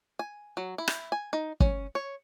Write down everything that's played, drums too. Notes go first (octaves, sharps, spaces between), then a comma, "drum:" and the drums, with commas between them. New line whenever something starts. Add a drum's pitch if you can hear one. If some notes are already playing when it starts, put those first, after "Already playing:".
G#5
F#3
E4
drum: rim click
G#5
D#4
C#4, drum: kick
C#5